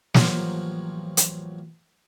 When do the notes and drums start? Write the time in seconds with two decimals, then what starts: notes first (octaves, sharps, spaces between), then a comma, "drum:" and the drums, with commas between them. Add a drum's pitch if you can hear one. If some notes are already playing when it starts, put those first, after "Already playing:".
0.14 A1 F3 F#3 A#3 G4, drum: snare
1.17 drum: hi-hat